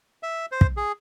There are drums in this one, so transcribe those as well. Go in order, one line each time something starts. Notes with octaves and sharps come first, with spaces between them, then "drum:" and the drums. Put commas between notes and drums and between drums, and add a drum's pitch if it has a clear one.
E5
C5
drum: kick
G#4